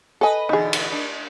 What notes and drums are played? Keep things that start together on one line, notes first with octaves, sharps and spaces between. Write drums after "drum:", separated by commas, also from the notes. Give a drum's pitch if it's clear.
A4 B4 D#5 G#5
E2 B2 D3 D#4 G#4
drum: cymbal
D4